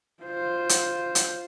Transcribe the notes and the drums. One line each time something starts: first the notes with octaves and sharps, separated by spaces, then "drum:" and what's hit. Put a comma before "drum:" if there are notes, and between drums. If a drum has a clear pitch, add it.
F4 C5
drum: hi-hat
drum: hi-hat